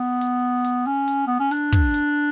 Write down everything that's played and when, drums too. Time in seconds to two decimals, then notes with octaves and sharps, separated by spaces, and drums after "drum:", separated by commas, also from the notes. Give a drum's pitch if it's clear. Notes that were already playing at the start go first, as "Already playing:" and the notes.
Already playing: B3
0.21 drum: hi-hat
0.64 drum: hi-hat
0.87 C#4
1.08 drum: hi-hat
1.27 B3
1.39 C#4
1.51 D4, drum: hi-hat
1.72 drum: kick, hi-hat
1.94 drum: hi-hat